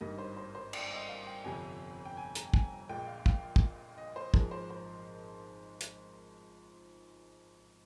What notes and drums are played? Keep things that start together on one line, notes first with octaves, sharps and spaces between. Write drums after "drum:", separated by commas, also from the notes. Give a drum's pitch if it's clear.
G#1 G2 D#3 G3 A#3 D#5
C5
C5
C5
D5, drum: cymbal
D#5
F5
G5
G1 F2 C3 G3 G#5
G5
G#5
A#5, drum: hi-hat
G#5, drum: kick
A#1 A#2 G#3 G5
F5
F5, drum: kick
drum: kick
D#5
C5
G#1 G#2 F3 G#3 A#4, drum: kick
C5
C5
drum: hi-hat